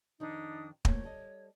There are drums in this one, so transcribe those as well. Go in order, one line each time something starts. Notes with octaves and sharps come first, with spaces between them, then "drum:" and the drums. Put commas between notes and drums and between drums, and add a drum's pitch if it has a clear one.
F2 D#3 D4 D#4 D#6
D2 A3 A#3 C#5, drum: kick
G3 A4 D#5